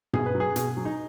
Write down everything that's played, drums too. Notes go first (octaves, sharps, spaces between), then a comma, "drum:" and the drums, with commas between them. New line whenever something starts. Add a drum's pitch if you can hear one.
B2 G#4, drum: tom G2
B4
F#3
G#4
B2 G#4, drum: hi-hat
F#3
D#4